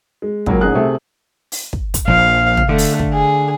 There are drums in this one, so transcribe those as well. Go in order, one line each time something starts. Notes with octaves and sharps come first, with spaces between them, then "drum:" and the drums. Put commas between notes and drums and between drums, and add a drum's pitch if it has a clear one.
G#3
C#2 F#3 A#3, drum: kick
A1 C#4 D#4 G#4 F#6
C3 A3 G#4
drum: open hi-hat
drum: kick
drum: kick, hi-hat
A#1 F3 F5
drum: tom
D3 A3
drum: open hi-hat
drum: kick
G#4